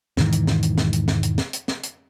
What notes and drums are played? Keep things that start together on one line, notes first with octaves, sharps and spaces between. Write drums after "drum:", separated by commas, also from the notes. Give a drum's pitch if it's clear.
E1 G#2 D#3 E3, drum: snare
drum: hi-hat
drum: snare
drum: hi-hat
drum: snare
drum: hi-hat
drum: snare
drum: hi-hat
drum: snare
drum: hi-hat
drum: snare
drum: hi-hat